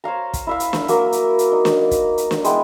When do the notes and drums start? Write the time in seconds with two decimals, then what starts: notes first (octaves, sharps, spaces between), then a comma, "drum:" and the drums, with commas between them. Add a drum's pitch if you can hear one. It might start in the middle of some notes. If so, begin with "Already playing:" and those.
0.04 C5 C#5 F5 A#5
0.33 drum: kick, hi-hat
0.47 E4 E5 F5
0.60 drum: hi-hat
0.73 drum: snare
0.88 F#3 A#3 A#4, drum: hi-hat
1.12 drum: hi-hat
1.39 drum: hi-hat
1.52 D#4
1.65 drum: snare
1.91 drum: kick, hi-hat
2.18 drum: hi-hat
2.31 drum: snare
2.44 G#3 B3 E4 G5, drum: hi-hat